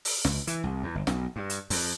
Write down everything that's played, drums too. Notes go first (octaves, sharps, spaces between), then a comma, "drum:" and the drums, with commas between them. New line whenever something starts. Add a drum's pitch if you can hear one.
drum: open hi-hat
C#2, drum: snare
E3, drum: hi-hat
C2
E2
G1
B1, drum: snare
G2
drum: hi-hat
F2, drum: open hi-hat